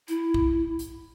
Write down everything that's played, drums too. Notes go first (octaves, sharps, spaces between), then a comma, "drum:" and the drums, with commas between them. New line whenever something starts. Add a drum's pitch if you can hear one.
E4, drum: hi-hat
drum: kick
drum: hi-hat